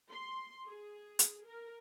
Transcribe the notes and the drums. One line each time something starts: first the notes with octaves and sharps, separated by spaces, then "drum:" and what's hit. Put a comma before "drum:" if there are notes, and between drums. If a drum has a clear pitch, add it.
C6
G#4
drum: hi-hat
A#4